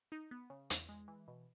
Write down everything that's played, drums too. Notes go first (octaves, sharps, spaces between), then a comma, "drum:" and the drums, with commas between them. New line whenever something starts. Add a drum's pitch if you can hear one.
D#4
B3
C#3
E2, drum: hi-hat
G#3
E3
B2